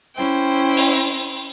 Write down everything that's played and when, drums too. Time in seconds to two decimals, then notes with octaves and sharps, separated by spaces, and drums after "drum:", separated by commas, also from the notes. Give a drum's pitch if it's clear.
0.15 C#4 E4 C5 G5
0.77 drum: open hi-hat